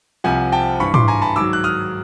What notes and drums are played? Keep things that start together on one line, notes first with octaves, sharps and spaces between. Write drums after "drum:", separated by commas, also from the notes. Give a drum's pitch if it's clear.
C2 C3 F3 F#5 G#5
G5 A5
G2 E3 B5 C#6
C6 D6, drum: tom
G#5 A#5
A5 B5
G#2 D#3 F#3 D6 E6
F#6
D#6 F6